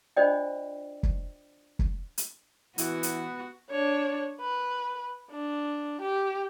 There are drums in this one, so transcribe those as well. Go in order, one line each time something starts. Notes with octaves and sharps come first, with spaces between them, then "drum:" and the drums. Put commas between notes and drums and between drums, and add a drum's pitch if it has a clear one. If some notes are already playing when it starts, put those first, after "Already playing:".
D4 F4 C5 D5 D#5 G5
drum: kick
drum: kick
drum: hi-hat
E3 B3 F#4, drum: hi-hat
drum: hi-hat
D4 C#5
B4
D4
G4